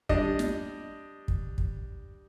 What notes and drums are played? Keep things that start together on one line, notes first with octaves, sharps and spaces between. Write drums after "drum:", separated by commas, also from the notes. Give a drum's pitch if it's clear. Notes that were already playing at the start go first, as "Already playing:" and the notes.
G3 D4 D#5, drum: kick
drum: snare
drum: kick
drum: kick